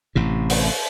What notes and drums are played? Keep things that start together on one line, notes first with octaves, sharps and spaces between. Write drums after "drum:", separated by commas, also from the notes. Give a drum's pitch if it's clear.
A1 A2 C3
drum: open hi-hat